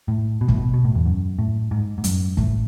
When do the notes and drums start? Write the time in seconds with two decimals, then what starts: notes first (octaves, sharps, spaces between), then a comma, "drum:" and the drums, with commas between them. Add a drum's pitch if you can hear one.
0.08 A2
0.41 B2
0.48 A2, drum: kick
0.55 B2
0.74 B2
0.85 A2
0.95 E2
1.06 F#2
1.39 A2
1.71 G#2
1.98 G#2
2.04 F#2, drum: hi-hat
2.37 A2, drum: kick